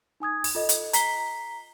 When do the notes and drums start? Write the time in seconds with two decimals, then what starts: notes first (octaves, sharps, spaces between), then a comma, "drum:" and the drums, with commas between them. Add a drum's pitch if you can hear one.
0.20 D#4 G#5 D#6 G#6
0.44 drum: open hi-hat
0.55 F4 A4 D#5
0.69 drum: hi-hat
0.93 A#5 B6 C7 G7, drum: hi-hat